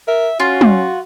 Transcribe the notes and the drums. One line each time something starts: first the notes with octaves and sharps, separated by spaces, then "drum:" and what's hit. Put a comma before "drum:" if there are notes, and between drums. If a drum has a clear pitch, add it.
A#4 E5
C#4 F4 F#4
drum: tom